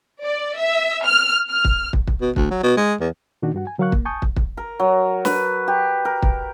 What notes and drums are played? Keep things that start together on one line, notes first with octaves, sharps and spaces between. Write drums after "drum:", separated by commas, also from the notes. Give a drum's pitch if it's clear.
D5
E5
F6
F6
drum: kick
drum: kick
drum: kick
B2
D2, drum: kick
F#3
B2
G#3
E2
A#2 D#3 D4 D#4 F#4
G2 F#4 F#5
G#5
D3 F#3 A#4 F5 C#6 F#6
A#3, drum: kick
G#5 A5 C#6 D#6 G6
drum: kick
drum: kick
A#4
F#3
B4, drum: snare
G4
A#4
drum: kick